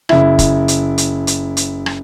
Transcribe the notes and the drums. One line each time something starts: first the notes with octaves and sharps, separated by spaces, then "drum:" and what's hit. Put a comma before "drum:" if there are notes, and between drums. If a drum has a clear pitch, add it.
F#1 E4, drum: rim click
drum: kick, hi-hat
drum: hi-hat
drum: hi-hat
drum: hi-hat
drum: hi-hat
drum: rim click